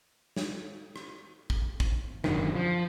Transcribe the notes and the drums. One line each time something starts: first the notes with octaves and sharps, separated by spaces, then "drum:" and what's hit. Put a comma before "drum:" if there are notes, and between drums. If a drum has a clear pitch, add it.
drum: snare
drum: rim click
drum: kick
drum: kick
E1 F#2 D3 D#3, drum: rim click
F3